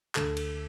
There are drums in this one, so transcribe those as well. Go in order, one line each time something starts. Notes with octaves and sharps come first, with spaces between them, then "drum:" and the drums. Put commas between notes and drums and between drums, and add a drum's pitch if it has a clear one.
D2 A4, drum: clap
drum: cymbal